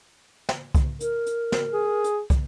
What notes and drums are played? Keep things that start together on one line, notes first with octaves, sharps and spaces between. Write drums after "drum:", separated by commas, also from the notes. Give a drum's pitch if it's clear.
drum: snare
drum: kick, hi-hat
A#4, drum: hi-hat
drum: hi-hat
drum: snare
G#4
drum: hi-hat
drum: kick, hi-hat